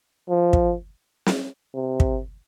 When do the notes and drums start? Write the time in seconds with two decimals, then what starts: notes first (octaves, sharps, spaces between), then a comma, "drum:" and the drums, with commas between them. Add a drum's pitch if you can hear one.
0.29 F3
0.53 drum: kick
1.26 drum: snare
1.75 C3
2.00 drum: kick